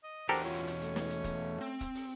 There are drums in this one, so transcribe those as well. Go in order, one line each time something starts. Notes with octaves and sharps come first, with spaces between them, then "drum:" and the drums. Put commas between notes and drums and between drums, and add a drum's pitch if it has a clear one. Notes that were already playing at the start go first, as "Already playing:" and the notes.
D#5
E2 D4 F#4 G4 A4 A#4 C5 A5
C#4 F4
drum: hi-hat
drum: hi-hat
A3, drum: hi-hat
drum: snare
drum: hi-hat
drum: kick, hi-hat
C4
drum: kick, hi-hat
drum: open hi-hat